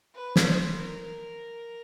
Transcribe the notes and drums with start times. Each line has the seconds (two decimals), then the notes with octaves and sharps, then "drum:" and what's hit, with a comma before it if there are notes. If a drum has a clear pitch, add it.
0.15 B4
0.36 drum: snare
0.47 C5
0.78 A#4